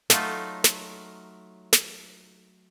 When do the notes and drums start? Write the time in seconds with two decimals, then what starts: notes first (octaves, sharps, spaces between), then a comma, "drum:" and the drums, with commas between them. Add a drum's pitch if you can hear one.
0.10 F#3 A3 D#4 F4, drum: snare
0.64 drum: snare
1.73 drum: snare